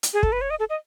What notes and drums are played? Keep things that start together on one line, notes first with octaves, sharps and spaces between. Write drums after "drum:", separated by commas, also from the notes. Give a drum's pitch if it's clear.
drum: hi-hat
G#4
A4, drum: kick
B4
C#5
D#5
A4
D#5